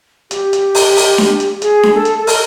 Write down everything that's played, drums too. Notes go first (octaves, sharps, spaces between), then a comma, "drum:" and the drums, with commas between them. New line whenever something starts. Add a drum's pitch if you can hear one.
G4, drum: hi-hat
drum: hi-hat
drum: open hi-hat
drum: open hi-hat
drum: snare D4
drum: hi-hat
G#4, drum: hi-hat
drum: snare D4
A4
drum: hi-hat
A4
A#4, drum: open hi-hat